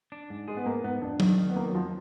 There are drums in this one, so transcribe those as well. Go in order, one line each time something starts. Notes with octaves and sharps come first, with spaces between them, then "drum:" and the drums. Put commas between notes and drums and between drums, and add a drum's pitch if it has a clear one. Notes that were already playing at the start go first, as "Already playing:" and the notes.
D4
G#2
G#3 G#4
B3
G#2 A#3
G#2 B3
F2 D4
D#3, drum: tom F#3
D#3
B3
F2 A#3
F#3
F2 F3